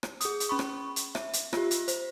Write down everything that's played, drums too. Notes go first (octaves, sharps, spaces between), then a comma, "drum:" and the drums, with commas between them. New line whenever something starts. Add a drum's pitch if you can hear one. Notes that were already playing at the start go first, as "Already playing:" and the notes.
drum: rim click
G#4 D#6, drum: hi-hat
drum: hi-hat
C#4 B5 C#6
drum: rim click
drum: hi-hat
E5, drum: rim click
drum: hi-hat
F4 G4, drum: rim click
drum: hi-hat
C5, drum: hi-hat